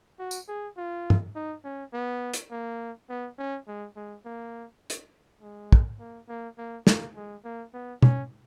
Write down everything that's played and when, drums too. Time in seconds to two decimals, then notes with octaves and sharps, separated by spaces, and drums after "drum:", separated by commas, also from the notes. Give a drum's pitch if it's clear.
0.19 F#4
0.31 drum: tambourine
0.48 G#4
0.77 F4
1.10 drum: tom G2
1.36 D#4
1.64 C#4
1.93 B3
2.34 drum: hi-hat
2.51 A#3
3.10 B3
3.39 C#4
3.68 G#3
3.97 G#3
4.25 A#3
4.90 drum: hi-hat
5.42 G#3
5.72 drum: kick
6.00 A#3
6.29 A#3
6.58 A#3
6.87 A#3, drum: snare
7.16 G#3
7.45 A#3
7.74 B3
8.03 C#4, drum: tom B2